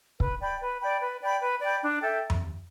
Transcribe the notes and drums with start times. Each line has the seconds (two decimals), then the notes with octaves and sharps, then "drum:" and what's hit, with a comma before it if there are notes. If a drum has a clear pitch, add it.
0.20 B4, drum: kick
0.40 D5 G5 B5
0.61 B4
0.81 D5 G5 B5
1.01 B4
1.21 D5 G5 B5
1.41 B4
1.61 D5 G5 B5
1.82 D4
2.02 A4 E5 G5
2.30 drum: tom F2